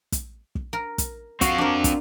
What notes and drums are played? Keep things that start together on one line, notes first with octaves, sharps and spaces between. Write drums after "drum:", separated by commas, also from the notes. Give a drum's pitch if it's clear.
drum: kick, hi-hat
drum: kick
A#4
drum: kick, hi-hat
C4 F#4 F5, drum: kick, hi-hat
D4 A#4
drum: kick, hi-hat